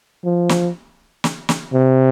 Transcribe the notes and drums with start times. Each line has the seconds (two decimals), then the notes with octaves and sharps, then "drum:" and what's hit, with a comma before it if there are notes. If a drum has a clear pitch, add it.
0.24 F3
0.49 drum: snare
1.24 drum: snare
1.49 drum: snare
1.74 C3